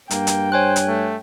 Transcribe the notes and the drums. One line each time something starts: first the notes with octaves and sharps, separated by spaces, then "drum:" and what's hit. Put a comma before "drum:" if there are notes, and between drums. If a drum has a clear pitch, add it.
G2 A#3 G5, drum: hi-hat
drum: hi-hat
C5 C#5 G#5 F#6
drum: hi-hat
A3